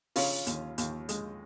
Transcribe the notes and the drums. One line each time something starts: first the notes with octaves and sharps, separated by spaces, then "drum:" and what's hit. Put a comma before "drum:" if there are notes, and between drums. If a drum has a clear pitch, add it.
C#3 C#4 F4, drum: open hi-hat
D#2, drum: hi-hat
D#2, drum: hi-hat
G#3, drum: hi-hat